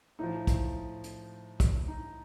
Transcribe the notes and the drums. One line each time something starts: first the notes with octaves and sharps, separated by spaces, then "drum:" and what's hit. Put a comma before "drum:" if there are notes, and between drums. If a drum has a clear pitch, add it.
A2 F3 D#4
drum: kick, hi-hat
drum: hi-hat
drum: kick, hi-hat
D#4